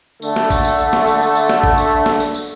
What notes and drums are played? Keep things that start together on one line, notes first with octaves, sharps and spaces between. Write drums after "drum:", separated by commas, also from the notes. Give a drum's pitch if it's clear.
D3 A3, drum: tambourine
drum: snare
drum: kick, tambourine
drum: tambourine
drum: tambourine
drum: snare
drum: tambourine
drum: tambourine
drum: tambourine
drum: snare
drum: kick
drum: tambourine
drum: snare
drum: tambourine
drum: tambourine